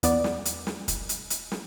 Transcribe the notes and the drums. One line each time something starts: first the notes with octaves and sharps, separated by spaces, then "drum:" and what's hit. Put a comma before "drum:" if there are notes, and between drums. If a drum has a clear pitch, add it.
E2 B3 D5, drum: hi-hat
drum: snare
drum: hi-hat
drum: snare
drum: kick, hi-hat
drum: hi-hat
drum: hi-hat
drum: snare